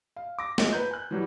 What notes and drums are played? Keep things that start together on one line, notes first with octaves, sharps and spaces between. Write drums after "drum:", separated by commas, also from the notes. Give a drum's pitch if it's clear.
F5
D6 A#6
G#3 A3 D#4 F4, drum: snare
B4 A#5 G6
G#5 F#6
E3 F#3 G3